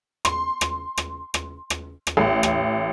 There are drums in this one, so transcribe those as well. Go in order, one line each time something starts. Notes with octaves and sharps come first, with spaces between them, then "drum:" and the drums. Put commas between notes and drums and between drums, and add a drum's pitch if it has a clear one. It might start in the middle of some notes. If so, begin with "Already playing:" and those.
C6, drum: rim click
drum: rim click
drum: rim click
drum: rim click
drum: rim click
drum: rim click
A1
drum: rim click